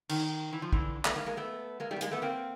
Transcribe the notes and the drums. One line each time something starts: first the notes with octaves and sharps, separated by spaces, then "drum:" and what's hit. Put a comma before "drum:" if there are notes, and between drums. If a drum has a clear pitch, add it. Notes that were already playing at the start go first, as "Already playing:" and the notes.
D#3, drum: cymbal
E3
F3
D3 E3, drum: kick
A3 B3, drum: clap
G#3 A#3
G#3 A#3
A3 B3
G#3 A#3
G3 A3
B3
G#3 A#3, drum: hi-hat
A3 B3
A#3 C4